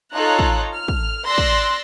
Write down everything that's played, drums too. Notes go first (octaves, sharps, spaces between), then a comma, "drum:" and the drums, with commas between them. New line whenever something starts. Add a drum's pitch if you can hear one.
D#4 F4 A4 C#5 A#5 F#6
drum: kick
F6
drum: kick
D5 C6 E6 F#6 A#6
drum: kick